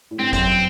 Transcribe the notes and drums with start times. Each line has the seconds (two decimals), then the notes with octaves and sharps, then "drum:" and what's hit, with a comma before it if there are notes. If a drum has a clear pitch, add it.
0.11 A2
0.19 G2 C4
0.33 F#2 C4, drum: kick, hi-hat